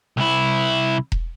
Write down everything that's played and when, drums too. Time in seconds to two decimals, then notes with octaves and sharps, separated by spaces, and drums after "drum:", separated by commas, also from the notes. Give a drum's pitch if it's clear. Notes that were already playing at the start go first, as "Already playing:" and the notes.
0.17 C2 E4
1.12 drum: kick E1